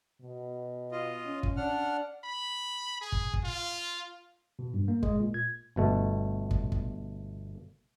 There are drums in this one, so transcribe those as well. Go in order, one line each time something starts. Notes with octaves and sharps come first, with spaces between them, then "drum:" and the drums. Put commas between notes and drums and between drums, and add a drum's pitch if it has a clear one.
B2
F4 D#5
C#4
drum: kick
D4 F#5 F6
B5
G#4
drum: kick
drum: kick
F4
B2
G2
A#3
G#3, drum: kick
A#2
G#6
G1 B2 A3
drum: kick
drum: kick